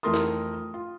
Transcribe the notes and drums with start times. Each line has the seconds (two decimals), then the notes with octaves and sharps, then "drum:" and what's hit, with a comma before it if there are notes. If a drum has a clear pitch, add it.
0.03 F2 E3 A3 A#4 C6 D#6
0.14 drum: snare
0.74 F4